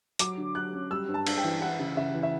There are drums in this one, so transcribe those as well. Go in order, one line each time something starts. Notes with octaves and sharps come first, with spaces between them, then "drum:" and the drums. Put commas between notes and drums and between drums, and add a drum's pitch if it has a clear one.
F#3 D6, drum: hi-hat
D3
F#3 F#6
C#4
G3 E6
G2
A5
D4, drum: cymbal
G5
E3
E4 F#5
C#3
C#3 E5
E3
E5